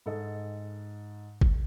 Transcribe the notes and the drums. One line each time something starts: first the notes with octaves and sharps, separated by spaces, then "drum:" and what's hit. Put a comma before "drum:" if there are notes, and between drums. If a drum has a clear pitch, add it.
G#2 A4 D#5
drum: kick G1